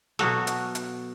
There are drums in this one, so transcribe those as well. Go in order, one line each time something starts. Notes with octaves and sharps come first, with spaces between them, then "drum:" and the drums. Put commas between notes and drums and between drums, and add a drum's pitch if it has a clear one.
B2 F#3 F#4 A4, drum: snare
drum: hi-hat
drum: hi-hat